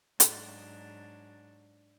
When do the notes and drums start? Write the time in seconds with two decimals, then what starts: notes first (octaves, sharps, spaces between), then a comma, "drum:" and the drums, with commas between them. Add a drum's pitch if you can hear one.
0.20 G#2 F#3 D4, drum: hi-hat